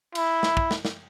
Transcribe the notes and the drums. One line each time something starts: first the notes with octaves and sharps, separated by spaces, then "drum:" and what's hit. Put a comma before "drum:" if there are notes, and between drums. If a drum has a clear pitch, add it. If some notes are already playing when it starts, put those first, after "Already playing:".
E4, drum: cymbal
drum: snare
drum: kick
drum: snare
drum: snare